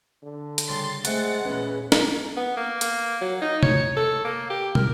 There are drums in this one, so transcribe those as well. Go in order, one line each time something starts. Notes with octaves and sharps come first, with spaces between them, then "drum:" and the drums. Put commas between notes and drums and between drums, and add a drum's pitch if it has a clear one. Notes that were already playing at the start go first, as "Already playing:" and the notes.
D3
drum: hi-hat
C#3 G3 C6 A6
G#3 A3 C4 F#5, drum: hi-hat
E2 A#2 C#4 G#4 B4
drum: snare
B3
A#3
A#3, drum: hi-hat
F#3
D#4
C#5, drum: tom C3
A4
A#3
G4
A#4, drum: tom